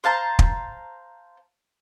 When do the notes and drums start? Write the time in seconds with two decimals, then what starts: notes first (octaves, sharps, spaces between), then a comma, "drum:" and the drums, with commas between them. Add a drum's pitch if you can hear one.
0.04 C5 F5 A5 A#5
0.39 drum: kick